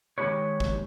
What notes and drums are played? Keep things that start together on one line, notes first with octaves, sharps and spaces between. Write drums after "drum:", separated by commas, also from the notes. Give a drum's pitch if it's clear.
D#3 G#3 D#4 G4 B4 C#5
drum: kick